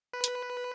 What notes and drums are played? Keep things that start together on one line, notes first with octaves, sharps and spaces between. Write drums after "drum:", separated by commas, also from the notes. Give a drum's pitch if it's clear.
B4
drum: hi-hat